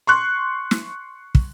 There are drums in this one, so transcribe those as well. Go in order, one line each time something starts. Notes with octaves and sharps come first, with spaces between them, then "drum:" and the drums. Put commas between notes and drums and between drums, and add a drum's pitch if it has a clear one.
C6 C#6 F#6
drum: snare
drum: kick